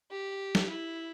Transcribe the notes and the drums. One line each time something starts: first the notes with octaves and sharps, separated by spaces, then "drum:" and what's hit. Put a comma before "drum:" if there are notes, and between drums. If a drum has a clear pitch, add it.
G4
drum: snare
E4